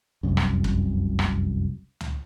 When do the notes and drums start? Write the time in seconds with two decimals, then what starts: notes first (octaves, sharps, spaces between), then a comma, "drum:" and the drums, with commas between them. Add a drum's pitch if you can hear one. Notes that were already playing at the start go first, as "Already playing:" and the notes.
0.23 F1 C2 F#2
0.37 drum: rim click
0.64 drum: kick
1.19 drum: rim click
2.01 drum: tom